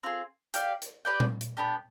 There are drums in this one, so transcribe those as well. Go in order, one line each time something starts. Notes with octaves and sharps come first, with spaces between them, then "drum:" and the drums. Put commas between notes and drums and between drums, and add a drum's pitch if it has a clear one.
C4 F4 G#4
G4 D5 F5, drum: hi-hat
drum: hi-hat
G4 B4 D5 G5
drum: tom A#2
drum: hi-hat
B3 D4 G4